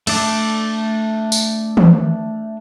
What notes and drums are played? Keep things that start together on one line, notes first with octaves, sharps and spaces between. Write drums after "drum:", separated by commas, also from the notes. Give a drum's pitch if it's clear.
A3 D4 D5, drum: cymbal
drum: tambourine
drum: tom D#3